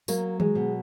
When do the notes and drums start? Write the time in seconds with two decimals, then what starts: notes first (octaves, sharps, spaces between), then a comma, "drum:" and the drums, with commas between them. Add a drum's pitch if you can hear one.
0.08 F#3 A#3, drum: tambourine
0.40 G#3, drum: tom D#3
0.55 B2